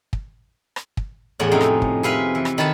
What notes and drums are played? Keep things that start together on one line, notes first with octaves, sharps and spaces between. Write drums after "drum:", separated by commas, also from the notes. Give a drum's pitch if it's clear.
drum: kick
drum: rim click
drum: kick
E2 A2 C#5 F#5
F2 C3 C#4 D#4 G5
drum: rim click
drum: kick
C3 B4 F5 G#5 B5
E3
drum: rim click
D#3 B4 C#5 A5 B5